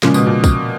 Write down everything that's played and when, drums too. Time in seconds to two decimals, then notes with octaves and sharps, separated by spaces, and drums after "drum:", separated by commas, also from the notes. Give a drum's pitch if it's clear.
0.03 A#2 C#3 F3 G#3 C#4, drum: snare
0.14 B2, drum: tambourine
0.27 A#2
0.44 drum: kick, tambourine